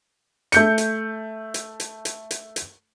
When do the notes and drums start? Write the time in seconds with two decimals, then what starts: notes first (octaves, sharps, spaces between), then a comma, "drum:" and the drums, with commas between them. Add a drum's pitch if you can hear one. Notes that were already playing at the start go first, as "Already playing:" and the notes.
0.52 A3 G6 C#7, drum: hi-hat
0.78 drum: hi-hat
1.54 drum: hi-hat
1.80 drum: hi-hat
2.05 drum: hi-hat
2.31 drum: hi-hat
2.56 drum: hi-hat